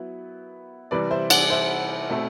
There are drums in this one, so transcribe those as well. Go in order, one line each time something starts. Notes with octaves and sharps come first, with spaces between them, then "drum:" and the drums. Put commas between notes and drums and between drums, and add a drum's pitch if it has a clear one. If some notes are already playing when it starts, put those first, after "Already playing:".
Already playing: F#3 B3 E4 B4
C3 E3 G3 B4 D5
C5 E5
D5 F#5, drum: cymbal
C5 E5
B2 A3 C4 E4